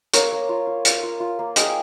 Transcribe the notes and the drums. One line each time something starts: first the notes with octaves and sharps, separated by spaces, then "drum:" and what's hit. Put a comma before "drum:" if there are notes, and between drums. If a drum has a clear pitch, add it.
A#3 A#4 C#5, drum: hi-hat
A#3
F4
F4
F4, drum: hi-hat
F4
F4
A#3
G#3 D#5 G5, drum: hi-hat